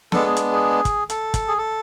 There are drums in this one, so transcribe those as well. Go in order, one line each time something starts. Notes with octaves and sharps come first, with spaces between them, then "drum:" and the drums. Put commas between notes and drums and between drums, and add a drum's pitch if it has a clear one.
G#3 B3 D4 A4, drum: snare
G#4
drum: hi-hat
G#4
drum: kick, hi-hat
A4, drum: hi-hat
drum: kick, hi-hat
G#4
A4